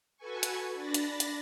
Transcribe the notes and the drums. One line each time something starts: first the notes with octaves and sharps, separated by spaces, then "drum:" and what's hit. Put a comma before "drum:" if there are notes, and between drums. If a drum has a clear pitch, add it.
F#4 A4 B4 G#5 C#6
drum: hi-hat
D4 B5 A6 A#6
drum: hi-hat
drum: hi-hat